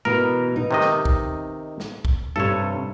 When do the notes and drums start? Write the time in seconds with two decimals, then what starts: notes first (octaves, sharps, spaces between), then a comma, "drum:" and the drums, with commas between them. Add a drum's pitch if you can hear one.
0.05 B2 E3 B3 A#4
0.56 D#4
0.71 C3 D#3 D#5
0.81 drum: snare
1.05 drum: kick
1.80 drum: snare
2.05 drum: kick
2.36 G2 C3 A4 C#5